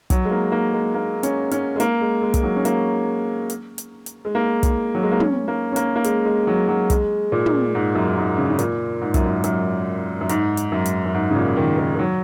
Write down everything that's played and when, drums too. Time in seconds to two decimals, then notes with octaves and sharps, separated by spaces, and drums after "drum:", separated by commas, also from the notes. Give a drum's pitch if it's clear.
0.10 F#3, drum: kick, hi-hat
0.25 G#3
0.31 A#3
0.52 A#3
0.73 G#3
0.94 A#3
1.23 C#4, drum: hi-hat
1.51 C#4, drum: hi-hat
1.76 G#3
1.80 A#3, drum: hi-hat
2.01 G#3
2.22 G#3
2.34 G#3, drum: kick, hi-hat
2.43 F#3
2.56 C#4
2.65 A#3, drum: hi-hat
3.50 drum: hi-hat
3.78 drum: hi-hat
4.06 drum: hi-hat
4.25 G#3
4.35 A#3
4.63 drum: kick, hi-hat
4.95 F#3
5.03 G#3
5.12 A#3
5.20 C#4, drum: tom
5.48 A#3
5.72 C#4
5.76 A#3, drum: hi-hat
5.96 A#3
6.04 G#3, drum: hi-hat
6.25 G#3
6.47 F#3
6.69 F#3
6.90 G#3, drum: kick, hi-hat
7.32 A#2
7.46 drum: tom
7.75 G#2
7.95 F#2
8.17 G#2
8.38 C#3
8.50 C#3
8.59 A#2, drum: hi-hat
9.01 G#2
9.14 F#2, drum: kick, hi-hat
9.25 G#2
9.44 F#2, drum: hi-hat
10.21 F#2
10.29 G#2, drum: hi-hat
10.57 drum: hi-hat
10.72 F#2
10.86 drum: hi-hat
11.06 F#2
11.14 G#2
11.31 C#3
11.36 A#2
11.56 D#3
11.78 D#3
11.95 D#3
11.99 F#3